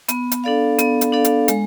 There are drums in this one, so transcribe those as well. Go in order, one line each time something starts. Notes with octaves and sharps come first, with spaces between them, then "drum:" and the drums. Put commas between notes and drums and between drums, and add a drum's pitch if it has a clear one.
B3, drum: hi-hat
drum: hi-hat
D4 A4 D5 F5
B3, drum: hi-hat
drum: hi-hat
D4 A4 D5 F5
drum: hi-hat
G#3, drum: hi-hat